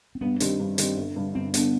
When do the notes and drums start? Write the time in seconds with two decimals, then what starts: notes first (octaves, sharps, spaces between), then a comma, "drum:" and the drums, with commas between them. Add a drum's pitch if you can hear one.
0.15 C4
0.21 G2 B3
0.40 D#3 G3 C4 D4, drum: hi-hat
0.60 G2
0.78 D#3 G3 C4, drum: hi-hat
0.97 G1
1.16 G2 D3
1.34 G1 C4
1.54 G2 D3 B3, drum: hi-hat